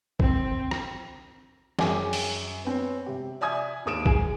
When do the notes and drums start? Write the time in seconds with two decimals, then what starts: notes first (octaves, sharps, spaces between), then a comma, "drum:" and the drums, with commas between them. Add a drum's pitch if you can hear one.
0.20 C4, drum: kick
0.71 drum: rim click
1.79 F#2 G#4 G5 G#5 D6, drum: snare
2.13 drum: open hi-hat
2.65 B3 C4 C#5
3.06 C3 G4
3.41 D5 E5 G#5 D#6 G#6
3.85 D#2 A#3 D#6 D7 E7
4.06 G#4 G#5, drum: kick